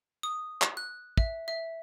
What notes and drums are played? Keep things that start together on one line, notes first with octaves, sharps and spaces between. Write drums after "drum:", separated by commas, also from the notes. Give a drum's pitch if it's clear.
D#6
drum: clap
F#6
E5, drum: kick
E5